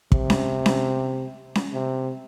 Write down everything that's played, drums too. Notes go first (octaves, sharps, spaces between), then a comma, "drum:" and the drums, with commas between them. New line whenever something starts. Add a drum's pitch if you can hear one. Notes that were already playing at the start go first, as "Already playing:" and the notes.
C3, drum: kick
drum: snare C#4
drum: snare C#4
drum: snare C#4
C3